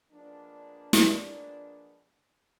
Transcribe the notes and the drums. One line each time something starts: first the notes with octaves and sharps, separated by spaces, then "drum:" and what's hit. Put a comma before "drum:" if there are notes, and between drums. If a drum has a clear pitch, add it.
F3 G#3 A#3 B3 D4
drum: snare